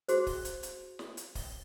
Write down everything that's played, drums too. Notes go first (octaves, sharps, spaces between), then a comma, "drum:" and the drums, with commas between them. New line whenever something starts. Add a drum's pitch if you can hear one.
F#4 G#4 C5, drum: hi-hat
drum: kick, open hi-hat
drum: hi-hat
drum: hi-hat
drum: snare
drum: hi-hat
drum: kick, open hi-hat